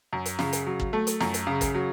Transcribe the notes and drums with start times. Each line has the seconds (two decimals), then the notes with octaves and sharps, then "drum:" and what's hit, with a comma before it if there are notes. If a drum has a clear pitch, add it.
0.13 F#2
0.25 drum: hi-hat
0.39 C#3, drum: snare
0.53 drum: hi-hat
0.66 F#3
0.80 drum: kick
0.93 A3
1.07 drum: hi-hat
1.20 F#2, drum: snare
1.34 drum: hi-hat
1.47 C#3
1.61 drum: kick, hi-hat
1.74 F#3